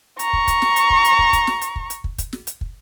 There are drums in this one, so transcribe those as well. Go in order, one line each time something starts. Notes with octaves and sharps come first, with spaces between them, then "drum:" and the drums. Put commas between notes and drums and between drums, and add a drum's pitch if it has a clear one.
A#5 C#6, drum: hi-hat
drum: kick
drum: kick, hi-hat
drum: snare
drum: hi-hat
drum: kick
drum: hi-hat
drum: kick
drum: kick, hi-hat
drum: snare
drum: hi-hat
drum: kick
drum: hi-hat
drum: kick
drum: kick, hi-hat
drum: snare
drum: hi-hat
drum: kick